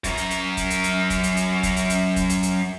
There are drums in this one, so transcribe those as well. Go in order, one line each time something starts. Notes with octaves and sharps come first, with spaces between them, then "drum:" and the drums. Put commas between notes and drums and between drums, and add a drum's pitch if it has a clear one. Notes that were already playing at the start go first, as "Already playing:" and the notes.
F#2 A#4, drum: kick, hi-hat
drum: hi-hat
drum: hi-hat
drum: kick, hi-hat
drum: hi-hat
drum: hi-hat
drum: kick, hi-hat
drum: hi-hat
drum: hi-hat
drum: kick, hi-hat
drum: hi-hat
drum: hi-hat
drum: kick, hi-hat
drum: hi-hat
drum: hi-hat